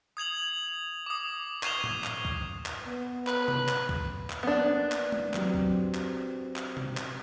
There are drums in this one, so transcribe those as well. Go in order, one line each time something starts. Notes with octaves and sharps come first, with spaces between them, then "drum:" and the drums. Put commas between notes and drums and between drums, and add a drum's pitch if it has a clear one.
D#6 G#6 F7 F#7
D6 D#6
C#6 G#6 C7 E7 F7 G7, drum: clap
drum: tom A2
drum: clap
drum: kick
drum: clap
B3
B4, drum: clap
drum: tom C3
drum: clap
drum: kick
drum: clap
A#3 B3 D4
drum: clap
drum: tom G#3
F#3 C4 G4, drum: clap
drum: kick
drum: clap
drum: clap
drum: tom B2
drum: clap